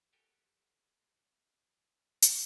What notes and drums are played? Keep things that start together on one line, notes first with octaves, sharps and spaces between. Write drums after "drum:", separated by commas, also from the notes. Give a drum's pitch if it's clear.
F#4 G4 A4 A#4 G5 G#5
drum: hi-hat